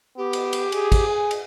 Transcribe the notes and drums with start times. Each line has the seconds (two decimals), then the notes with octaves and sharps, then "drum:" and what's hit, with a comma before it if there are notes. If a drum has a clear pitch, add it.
0.17 B3 G4
0.33 drum: cymbal
0.53 drum: cymbal
0.72 G#4, drum: cymbal
0.92 drum: kick, cymbal
1.07 G#5
1.31 drum: cymbal